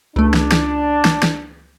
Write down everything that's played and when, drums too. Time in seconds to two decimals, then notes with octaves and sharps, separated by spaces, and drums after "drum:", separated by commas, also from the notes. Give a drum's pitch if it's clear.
0.16 C#2 A3 D4
0.34 drum: snare
0.52 drum: snare
1.05 drum: snare
1.23 drum: snare